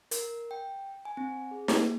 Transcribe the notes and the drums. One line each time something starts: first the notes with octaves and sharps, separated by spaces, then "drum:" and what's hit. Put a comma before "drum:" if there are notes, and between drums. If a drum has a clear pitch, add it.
A#4, drum: hi-hat
G5
G#5
C4
G#4
A#3, drum: snare